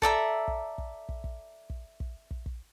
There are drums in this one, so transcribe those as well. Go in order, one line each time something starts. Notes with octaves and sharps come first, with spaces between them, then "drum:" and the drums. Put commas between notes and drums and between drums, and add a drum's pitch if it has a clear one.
A4 D5 E5 A#5, drum: kick
drum: kick
drum: kick
drum: kick
drum: kick
drum: kick
drum: kick
drum: kick
drum: kick